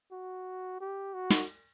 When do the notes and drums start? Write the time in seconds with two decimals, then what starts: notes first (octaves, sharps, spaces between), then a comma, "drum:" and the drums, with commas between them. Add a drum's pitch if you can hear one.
0.12 F#4
0.81 G4
1.14 F#4
1.30 drum: snare